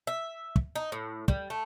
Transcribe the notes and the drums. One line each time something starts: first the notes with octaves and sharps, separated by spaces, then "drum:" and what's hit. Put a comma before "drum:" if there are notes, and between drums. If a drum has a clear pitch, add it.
E5
drum: kick
D#4
A2
G3, drum: kick
A3